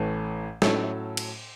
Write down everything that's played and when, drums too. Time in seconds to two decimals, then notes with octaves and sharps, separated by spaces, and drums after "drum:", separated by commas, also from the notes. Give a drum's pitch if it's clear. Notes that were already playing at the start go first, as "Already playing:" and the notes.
Already playing: A1 A2 E3 A3
0.62 A2 F#3 C#4 F#4 A4, drum: snare
1.17 drum: cymbal